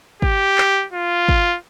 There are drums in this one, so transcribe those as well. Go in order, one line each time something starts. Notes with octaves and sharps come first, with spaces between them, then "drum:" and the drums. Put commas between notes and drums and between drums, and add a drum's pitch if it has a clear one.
G4, drum: kick
drum: clap
F4
drum: kick